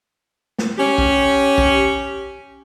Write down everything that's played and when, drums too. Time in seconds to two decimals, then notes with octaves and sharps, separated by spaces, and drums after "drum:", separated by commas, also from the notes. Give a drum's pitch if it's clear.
0.58 drum: snare
0.78 C#4 G4
0.98 drum: kick A#1
1.58 drum: kick A#1